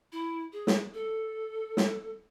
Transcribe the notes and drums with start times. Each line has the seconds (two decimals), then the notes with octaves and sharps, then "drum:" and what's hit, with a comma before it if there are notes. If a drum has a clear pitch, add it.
0.12 E4
0.53 G#4
0.67 drum: snare
0.94 A4
1.77 drum: snare